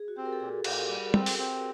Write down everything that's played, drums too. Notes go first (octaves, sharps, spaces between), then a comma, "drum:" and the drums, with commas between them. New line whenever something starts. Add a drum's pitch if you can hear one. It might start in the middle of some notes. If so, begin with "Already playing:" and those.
Already playing: G#4
F#4
C4 G4
A#4
A4
A#2 G#4
A#2 A#4, drum: cymbal
G3
C4, drum: tom G3
drum: open hi-hat
C4